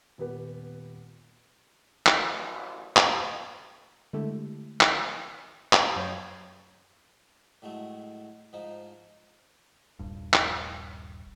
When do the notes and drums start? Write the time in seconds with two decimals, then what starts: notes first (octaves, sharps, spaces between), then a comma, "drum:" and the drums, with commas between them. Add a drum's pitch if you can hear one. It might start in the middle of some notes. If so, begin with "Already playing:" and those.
0.18 D#1 B3 G4 B4
2.06 A1 F#2 A#2 D3, drum: clap
2.97 drum: clap
4.13 D3 G#3 A3 E4 G4 A4
4.81 drum: clap
5.04 G#5 B5 C6 D#6 C7 C#7
5.73 drum: clap
5.96 F#2 F#3 C#5 G6 G#6 C7
7.62 A2 F#3 G#3 A3
8.53 G#2 F3 D#4
9.99 D#1 A#1 G2
10.34 drum: clap